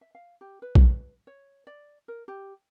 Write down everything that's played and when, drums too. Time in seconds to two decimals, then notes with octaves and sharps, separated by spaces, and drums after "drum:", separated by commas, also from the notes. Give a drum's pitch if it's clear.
0.01 E5
0.15 F5
0.41 G4
0.62 B4
0.75 drum: kick A#1
1.27 C#5
1.67 D5
2.08 A#4
2.28 G4